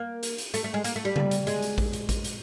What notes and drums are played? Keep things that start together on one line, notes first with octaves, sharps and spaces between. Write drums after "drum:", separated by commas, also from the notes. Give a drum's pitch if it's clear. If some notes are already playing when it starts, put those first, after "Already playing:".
Already playing: A#3
drum: hi-hat
drum: hi-hat
A3, drum: hi-hat
A3
G#3
A#3, drum: hi-hat
A3
G3
drum: tom C#3
drum: hi-hat
G#3, drum: hi-hat
drum: hi-hat
drum: kick A1, open hi-hat
drum: hi-hat
drum: kick A1, hi-hat
drum: hi-hat